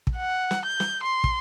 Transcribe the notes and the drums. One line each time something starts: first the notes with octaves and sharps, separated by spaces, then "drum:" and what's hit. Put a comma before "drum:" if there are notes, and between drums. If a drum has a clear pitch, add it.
drum: kick
F#5
drum: snare
G6
drum: snare
C6
drum: kick